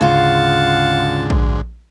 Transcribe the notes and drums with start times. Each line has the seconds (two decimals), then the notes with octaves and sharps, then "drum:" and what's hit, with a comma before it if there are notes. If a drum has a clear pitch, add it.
0.01 D2 G#2 C#3 F4 F5 F#5 A5
1.30 drum: kick A#1